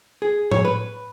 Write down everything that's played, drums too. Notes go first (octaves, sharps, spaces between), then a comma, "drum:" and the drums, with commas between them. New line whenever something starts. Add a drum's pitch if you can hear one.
G#4
C#5, drum: tom A2
B4